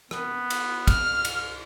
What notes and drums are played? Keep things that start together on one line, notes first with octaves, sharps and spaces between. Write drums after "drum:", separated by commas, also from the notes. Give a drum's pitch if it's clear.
B3, drum: rim click
drum: cymbal
F6, drum: kick, cymbal
drum: cymbal